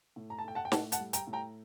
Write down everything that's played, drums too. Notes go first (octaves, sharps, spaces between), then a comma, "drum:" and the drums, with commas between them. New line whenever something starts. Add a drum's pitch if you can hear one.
A2
A#5
A5
A3 G5
F#5 A5
G5
A2 F#5 A5, drum: snare
F#5 A5, drum: hi-hat
G3
G5 A#5, drum: hi-hat
A2
G5 A#5